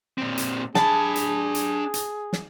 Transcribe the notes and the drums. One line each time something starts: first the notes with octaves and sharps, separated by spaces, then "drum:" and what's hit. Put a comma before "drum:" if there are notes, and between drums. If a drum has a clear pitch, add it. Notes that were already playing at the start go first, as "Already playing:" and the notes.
A#2 C4
drum: hi-hat
D4 G#4 A5 B5, drum: snare
drum: hi-hat
drum: hi-hat
drum: hi-hat
drum: snare